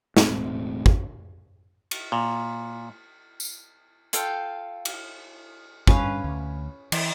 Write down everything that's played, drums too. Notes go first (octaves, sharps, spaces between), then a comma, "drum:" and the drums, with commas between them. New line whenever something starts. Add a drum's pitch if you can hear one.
E1 A2 A3 C4, drum: snare
drum: kick
drum: cymbal
A#2
drum: tambourine
F4 A4 F5 G5, drum: hi-hat
drum: cymbal
G2 C#4 B4 F5, drum: kick
D2
E3, drum: cymbal